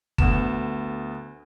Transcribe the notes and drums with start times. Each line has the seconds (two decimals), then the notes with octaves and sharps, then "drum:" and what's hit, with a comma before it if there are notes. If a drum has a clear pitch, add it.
0.18 D2 B3 E7, drum: kick G1